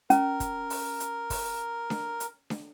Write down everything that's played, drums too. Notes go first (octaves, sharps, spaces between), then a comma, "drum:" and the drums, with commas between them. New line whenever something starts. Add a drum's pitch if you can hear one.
C#4 A#4, drum: hi-hat
drum: kick, hi-hat
drum: open hi-hat
drum: hi-hat
drum: kick, open hi-hat
drum: snare D4
drum: hi-hat
drum: snare D4